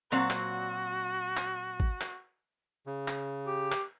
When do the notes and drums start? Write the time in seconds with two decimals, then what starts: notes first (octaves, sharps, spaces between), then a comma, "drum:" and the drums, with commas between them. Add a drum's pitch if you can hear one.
0.12 A#2 F#3 C4 F#4
0.30 drum: clap
1.37 drum: clap
1.80 drum: kick
2.01 drum: clap
2.87 C#3
3.08 drum: clap
3.47 G4
3.72 drum: clap